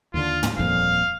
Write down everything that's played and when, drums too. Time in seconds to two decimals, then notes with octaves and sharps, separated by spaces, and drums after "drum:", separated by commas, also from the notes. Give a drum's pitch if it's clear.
0.14 D#2 D3 F4
0.43 drum: tom
0.58 D#1 F2 A#2 F5